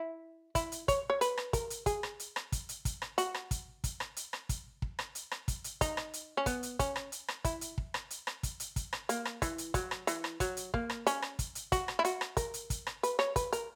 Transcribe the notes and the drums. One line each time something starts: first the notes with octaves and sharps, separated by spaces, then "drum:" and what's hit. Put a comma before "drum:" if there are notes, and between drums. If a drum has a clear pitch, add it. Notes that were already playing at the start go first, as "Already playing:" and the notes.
Already playing: E4
E4, drum: kick, hi-hat
drum: hi-hat
C#5, drum: kick, hi-hat
C#5
B4, drum: hi-hat
drum: rim click
A#4, drum: kick, hi-hat
drum: hi-hat
G#4, drum: kick, hi-hat
drum: rim click
drum: hi-hat
drum: rim click
drum: kick, hi-hat
drum: hi-hat
drum: kick, hi-hat
drum: rim click
F#4, drum: hi-hat
drum: rim click
drum: kick, hi-hat
drum: kick, hi-hat
drum: rim click
drum: hi-hat
drum: rim click
drum: kick, hi-hat
drum: kick
drum: rim click
drum: hi-hat
drum: rim click
drum: kick, hi-hat
drum: hi-hat
D#4, drum: kick, hi-hat
drum: rim click
drum: hi-hat
C#4
B3, drum: kick, hi-hat
drum: hi-hat
C#4, drum: kick, hi-hat
drum: rim click
drum: hi-hat
drum: rim click
E4, drum: kick, hi-hat
drum: hi-hat
drum: kick
drum: rim click
drum: hi-hat
drum: rim click
drum: kick, hi-hat
drum: hi-hat
drum: kick, hi-hat
drum: rim click
A#3, drum: hi-hat
drum: rim click
E3, drum: kick, hi-hat
drum: hi-hat
F#3, drum: kick, hi-hat
drum: rim click
E3, drum: hi-hat
drum: rim click
F#3, drum: kick, hi-hat
drum: hi-hat
A#3, drum: kick
drum: rim click
C#4, drum: hi-hat
drum: rim click
drum: kick, hi-hat
drum: hi-hat
F#4, drum: kick, hi-hat
drum: rim click
E4
F#4, drum: hi-hat
drum: rim click
A#4, drum: kick, hi-hat
drum: hi-hat
drum: kick, hi-hat
drum: rim click
B4, drum: hi-hat
C#5, drum: rim click
B4, drum: kick, hi-hat
A#4, drum: hi-hat